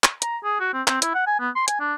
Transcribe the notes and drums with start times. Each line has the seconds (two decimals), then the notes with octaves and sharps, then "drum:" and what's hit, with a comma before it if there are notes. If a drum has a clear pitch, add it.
0.04 drum: clap
0.22 A#5, drum: hi-hat
0.44 G#4
0.60 F#4
0.73 C4
0.87 C4, drum: clap
1.02 E4, drum: hi-hat
1.15 F#5
1.27 G#5
1.40 B3
1.56 C6
1.68 G#5, drum: hi-hat
1.80 D4